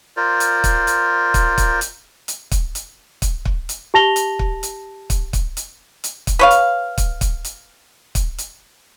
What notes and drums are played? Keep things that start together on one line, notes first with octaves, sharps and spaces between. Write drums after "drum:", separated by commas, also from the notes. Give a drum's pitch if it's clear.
F4 A#4 C5 D5
drum: hi-hat
drum: kick, hi-hat
drum: hi-hat
drum: kick, hi-hat
drum: kick, hi-hat
drum: hi-hat
drum: hi-hat
drum: kick, hi-hat
drum: hi-hat
drum: kick, hi-hat
drum: kick
drum: hi-hat
G4 A5 A#6 F7 G7
drum: hi-hat
drum: kick
drum: hi-hat
drum: kick, hi-hat
drum: kick, hi-hat
drum: hi-hat
drum: hi-hat
drum: kick, hi-hat
B4 C#5 F5
drum: hi-hat
drum: kick, hi-hat
drum: kick, hi-hat
drum: hi-hat
drum: kick, hi-hat
drum: hi-hat